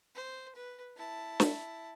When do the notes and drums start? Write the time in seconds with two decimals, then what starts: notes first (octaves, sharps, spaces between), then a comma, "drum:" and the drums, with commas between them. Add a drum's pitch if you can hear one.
0.15 C5
0.55 B4
0.97 E4 A5
1.40 drum: snare